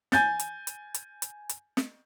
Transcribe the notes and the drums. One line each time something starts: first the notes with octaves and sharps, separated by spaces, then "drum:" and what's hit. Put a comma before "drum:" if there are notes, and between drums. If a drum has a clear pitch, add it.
G#5 G6 A6, drum: snare
drum: hi-hat
drum: hi-hat
drum: hi-hat
drum: hi-hat
drum: hi-hat
drum: snare